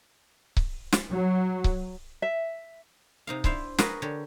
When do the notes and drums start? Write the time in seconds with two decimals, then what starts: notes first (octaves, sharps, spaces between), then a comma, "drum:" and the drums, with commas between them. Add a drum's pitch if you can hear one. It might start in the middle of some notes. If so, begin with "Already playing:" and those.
0.57 drum: kick C#1
0.92 drum: snare
1.10 F#3
1.64 drum: kick C#1
2.22 E5
3.27 C3 D#4 F5
3.44 D4 E4 C5 E5 F5, drum: kick C#1
3.78 F#4 G#4 A#4 B4 F5 F#5, drum: snare
4.02 D3 G4 C#5